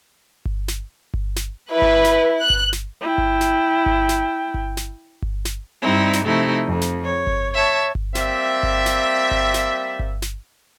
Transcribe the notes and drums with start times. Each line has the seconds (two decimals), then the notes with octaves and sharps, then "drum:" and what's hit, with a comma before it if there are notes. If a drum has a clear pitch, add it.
0.45 drum: kick G1
0.68 drum: snare
1.14 drum: kick G1
1.36 drum: snare
1.72 E4 B4
1.82 drum: kick G1
2.04 drum: snare
2.40 F#6
2.50 drum: kick G1
2.73 drum: snare
3.01 E4 G5
3.18 drum: kick G1
3.41 drum: snare
3.86 drum: kick G1
4.09 drum: snare
4.54 drum: kick G1
4.77 drum: snare
5.22 drum: kick G1
5.45 drum: snare
5.82 G2 G3 C4 D#4 E4
6.13 drum: snare
6.23 C3 F3 A3 D#4 E4
6.66 F2
6.81 drum: snare
7.04 C#5
7.27 drum: kick G1
7.53 C#5 E5 A5
7.95 drum: kick G1
8.15 G3 A#3 C4 E5, drum: snare
8.63 drum: kick G1
8.86 drum: snare
9.31 drum: kick G1
9.54 drum: snare
9.99 drum: kick G1
10.22 drum: snare